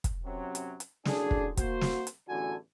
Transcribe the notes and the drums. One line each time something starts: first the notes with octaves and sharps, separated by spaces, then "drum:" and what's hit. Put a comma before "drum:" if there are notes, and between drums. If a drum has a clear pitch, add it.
drum: kick, hi-hat
F#2 C3 F#3
drum: hi-hat
drum: hi-hat
F#1 D3 D4 G#4, drum: snare
drum: kick
A#3 F#4 C5, drum: kick, hi-hat
drum: snare
drum: hi-hat
A1 E2 D3 F#4 A4 G#5